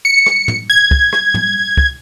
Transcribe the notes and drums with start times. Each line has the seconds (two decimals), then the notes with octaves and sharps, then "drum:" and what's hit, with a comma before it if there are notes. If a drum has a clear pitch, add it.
0.05 C#7
0.26 drum: rim click
0.48 drum: tom
0.70 G#6
0.91 drum: kick
1.13 drum: rim click
1.34 drum: tom
1.77 drum: kick